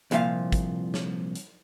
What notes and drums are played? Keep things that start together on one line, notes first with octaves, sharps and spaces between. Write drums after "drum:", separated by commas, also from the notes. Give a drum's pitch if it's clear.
C2 A#2 F3 E5 F5, drum: hi-hat
drum: kick, hi-hat
drum: snare
drum: hi-hat